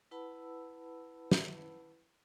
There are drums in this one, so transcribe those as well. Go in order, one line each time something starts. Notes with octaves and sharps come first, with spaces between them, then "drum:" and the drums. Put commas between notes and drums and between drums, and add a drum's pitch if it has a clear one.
E4 B4 F#5 A5 B5 E6
drum: snare